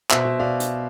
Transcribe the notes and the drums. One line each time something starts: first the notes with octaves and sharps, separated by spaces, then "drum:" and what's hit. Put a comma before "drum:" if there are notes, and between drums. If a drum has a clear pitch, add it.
B2 C5 E5, drum: clap
B2
B2 D5 F5
drum: hi-hat